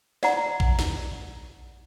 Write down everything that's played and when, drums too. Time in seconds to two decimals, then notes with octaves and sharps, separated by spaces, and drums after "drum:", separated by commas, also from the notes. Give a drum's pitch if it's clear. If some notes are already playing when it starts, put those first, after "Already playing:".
0.23 D5 F#5 A#5, drum: snare
0.60 drum: kick A#1
0.79 drum: snare